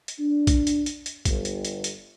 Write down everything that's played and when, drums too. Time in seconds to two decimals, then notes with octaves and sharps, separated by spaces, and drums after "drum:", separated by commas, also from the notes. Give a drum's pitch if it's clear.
0.08 drum: hi-hat
0.19 D4
0.47 drum: kick, hi-hat
0.67 drum: hi-hat
0.86 drum: hi-hat
1.06 drum: hi-hat
1.25 G1, drum: kick, hi-hat
1.45 drum: hi-hat
1.65 drum: hi-hat
1.84 drum: hi-hat